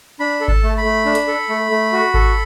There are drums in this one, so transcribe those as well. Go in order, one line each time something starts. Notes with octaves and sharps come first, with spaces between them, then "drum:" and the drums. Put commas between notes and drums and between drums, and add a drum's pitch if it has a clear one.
D4 B5
A4
A5, drum: kick G#1
A3
B5
A3
D4
drum: hi-hat
A4
A3
A3
F#4
A4, drum: kick G#1